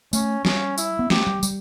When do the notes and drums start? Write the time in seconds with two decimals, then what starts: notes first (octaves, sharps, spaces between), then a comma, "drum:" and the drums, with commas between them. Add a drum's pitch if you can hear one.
0.13 A3 C#4, drum: tambourine
0.45 G3 C#4, drum: snare
0.78 E4, drum: tambourine
0.99 B3
1.10 A3 G4, drum: snare
1.27 G3
1.43 G3, drum: tambourine